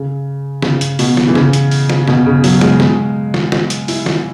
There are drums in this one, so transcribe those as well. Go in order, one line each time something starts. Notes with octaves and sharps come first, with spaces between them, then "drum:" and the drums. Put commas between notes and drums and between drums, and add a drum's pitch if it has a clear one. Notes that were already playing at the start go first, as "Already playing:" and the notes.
Already playing: C#3
C#3, drum: snare
drum: hi-hat
B2, drum: open hi-hat
drum: snare
E3
C#3, drum: snare
drum: hi-hat
drum: open hi-hat
drum: snare
B2, drum: snare
C#3
F#3, drum: open hi-hat
G#3, drum: snare
drum: snare
drum: snare
drum: snare
drum: hi-hat
E4, drum: open hi-hat
drum: snare